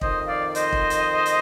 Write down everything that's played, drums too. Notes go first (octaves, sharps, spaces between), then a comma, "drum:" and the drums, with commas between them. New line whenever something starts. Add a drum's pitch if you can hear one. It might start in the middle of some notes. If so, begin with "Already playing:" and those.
F2 D#3 C5 D#5, drum: kick
D5 F5
C5 D#5, drum: hi-hat
drum: kick
drum: hi-hat
drum: hi-hat